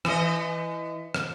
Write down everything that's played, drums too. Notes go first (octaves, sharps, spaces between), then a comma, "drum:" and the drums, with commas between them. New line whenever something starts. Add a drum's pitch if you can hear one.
E3 D#5, drum: rim click
drum: rim click